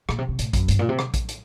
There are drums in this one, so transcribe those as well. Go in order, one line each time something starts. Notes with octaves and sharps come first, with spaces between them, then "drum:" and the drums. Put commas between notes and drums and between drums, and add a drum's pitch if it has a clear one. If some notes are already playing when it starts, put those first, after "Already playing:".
A#2, drum: rim click
C3
C3
A2, drum: hi-hat
F#2, drum: kick A#1, hi-hat
G2, drum: hi-hat
A#2
C3
drum: rim click
drum: kick A#1, hi-hat
drum: hi-hat